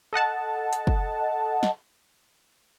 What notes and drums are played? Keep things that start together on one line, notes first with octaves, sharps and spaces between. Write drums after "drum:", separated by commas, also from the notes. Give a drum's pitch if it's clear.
A4 D#5 F#5 A5
drum: hi-hat
drum: kick
drum: snare